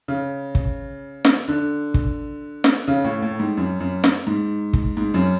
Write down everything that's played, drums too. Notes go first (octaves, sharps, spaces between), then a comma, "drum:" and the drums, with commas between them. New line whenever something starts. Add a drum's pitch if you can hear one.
C#3
drum: kick
drum: snare
D3
drum: kick
drum: snare
C#3
A2
A2
G#2
F#2
F#2
drum: snare
G#2
drum: kick
G#2
F#2